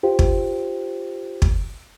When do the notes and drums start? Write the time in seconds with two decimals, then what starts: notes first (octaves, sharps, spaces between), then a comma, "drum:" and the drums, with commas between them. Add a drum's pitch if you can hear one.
0.03 F4 G4 C5
0.19 drum: kick
1.42 drum: kick